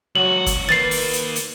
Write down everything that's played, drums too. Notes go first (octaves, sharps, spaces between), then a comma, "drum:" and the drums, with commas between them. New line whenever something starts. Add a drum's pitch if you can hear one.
C#2 F#3 F#4 F#7
drum: kick, hi-hat
D#3 A#3 B4 A6 C7, drum: snare
drum: open hi-hat
drum: hi-hat
drum: hi-hat